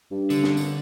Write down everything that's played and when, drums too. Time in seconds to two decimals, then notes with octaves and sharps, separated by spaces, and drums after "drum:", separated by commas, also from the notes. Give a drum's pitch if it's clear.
0.11 G2
0.30 D3, drum: tambourine
0.44 drum: snare
0.57 drum: tambourine